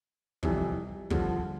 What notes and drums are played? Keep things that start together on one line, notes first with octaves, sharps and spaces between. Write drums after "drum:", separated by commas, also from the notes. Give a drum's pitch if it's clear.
F2 C3 E3 G3, drum: kick
G2 D3 F3, drum: kick